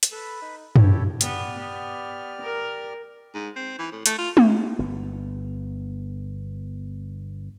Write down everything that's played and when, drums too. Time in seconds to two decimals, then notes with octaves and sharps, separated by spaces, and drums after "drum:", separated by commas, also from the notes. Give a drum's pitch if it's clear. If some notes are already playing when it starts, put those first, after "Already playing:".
0.03 drum: hi-hat
0.12 A4 B4 B5
0.42 D#4
0.76 E4 G4 A4 C#5, drum: tom
1.21 B3 G4 D5 F6, drum: hi-hat
1.59 B3
2.42 A#4
3.35 G#2
3.56 C4
3.79 E3
3.92 A2
4.06 A3, drum: hi-hat
4.18 F4
4.37 A#2, drum: tom G#3
4.48 C#3
4.79 G1 B3